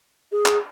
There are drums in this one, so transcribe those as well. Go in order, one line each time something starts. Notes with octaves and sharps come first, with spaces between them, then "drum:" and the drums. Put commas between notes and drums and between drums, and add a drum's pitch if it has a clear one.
G#4
drum: clap